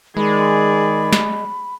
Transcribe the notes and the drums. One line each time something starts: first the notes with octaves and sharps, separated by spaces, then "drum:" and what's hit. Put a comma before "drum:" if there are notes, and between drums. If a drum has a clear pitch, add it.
D#3 G#3 G#4 D5 B5
drum: snare